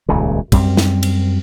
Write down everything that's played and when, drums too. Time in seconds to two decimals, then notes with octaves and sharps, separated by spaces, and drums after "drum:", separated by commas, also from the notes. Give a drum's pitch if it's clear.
0.09 D#1 C#2 A#2 C#3
0.52 F#2 G3 C4, drum: kick, cymbal
0.77 drum: snare
1.03 drum: cymbal